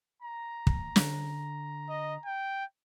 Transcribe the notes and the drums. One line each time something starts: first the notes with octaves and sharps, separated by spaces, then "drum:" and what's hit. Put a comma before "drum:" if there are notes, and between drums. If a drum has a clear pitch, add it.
A#5
drum: kick
D3, drum: snare
D#5
G5